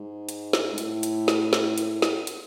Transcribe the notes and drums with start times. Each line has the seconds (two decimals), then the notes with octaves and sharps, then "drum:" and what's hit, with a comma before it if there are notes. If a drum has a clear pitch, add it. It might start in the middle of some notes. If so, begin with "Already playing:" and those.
Already playing: G#2
0.29 drum: hi-hat
0.53 drum: snare
0.72 G#2
0.78 A2, drum: hi-hat
1.03 drum: hi-hat
1.28 drum: snare
1.53 drum: snare
1.78 drum: hi-hat
2.02 drum: snare
2.27 drum: hi-hat